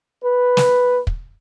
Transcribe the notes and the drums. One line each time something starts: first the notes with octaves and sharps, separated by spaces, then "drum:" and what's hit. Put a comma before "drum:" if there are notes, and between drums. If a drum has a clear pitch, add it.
B4
drum: snare
drum: kick